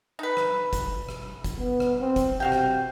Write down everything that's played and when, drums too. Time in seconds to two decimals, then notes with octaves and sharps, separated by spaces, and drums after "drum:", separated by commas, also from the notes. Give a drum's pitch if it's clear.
0.19 D#4 B4
0.37 drum: rim click
0.73 drum: kick G1, hi-hat
1.09 drum: rim click
1.44 drum: kick G1, hi-hat
1.58 B3
1.80 drum: rim click
2.01 C4
2.16 drum: kick G1, hi-hat
2.40 C3 F#4 F5 G5
2.52 drum: rim click